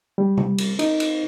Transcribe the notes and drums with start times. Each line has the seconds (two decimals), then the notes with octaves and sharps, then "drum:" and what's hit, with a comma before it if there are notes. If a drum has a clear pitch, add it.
0.18 G3
0.37 drum: tom
0.58 drum: cymbal
0.79 D#4, drum: cymbal
1.00 drum: cymbal